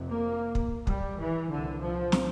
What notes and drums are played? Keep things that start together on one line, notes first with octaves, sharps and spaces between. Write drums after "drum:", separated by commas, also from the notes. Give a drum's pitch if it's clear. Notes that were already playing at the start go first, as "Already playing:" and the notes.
Already playing: F1 F2 C3
A#3
drum: kick
G3, drum: kick
E3
C2 A#2 D3
F3
drum: snare